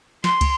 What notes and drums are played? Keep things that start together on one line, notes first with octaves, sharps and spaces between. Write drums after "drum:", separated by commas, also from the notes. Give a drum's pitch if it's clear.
C6, drum: snare
drum: kick, cymbal